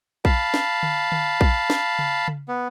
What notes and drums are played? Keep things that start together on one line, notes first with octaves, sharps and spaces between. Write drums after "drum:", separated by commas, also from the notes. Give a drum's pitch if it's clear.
F5 A5 B5, drum: kick A#1
drum: snare
drum: tom D3
drum: tom D3
drum: kick A#1
drum: snare
drum: tom C#3
drum: tom C#3
B3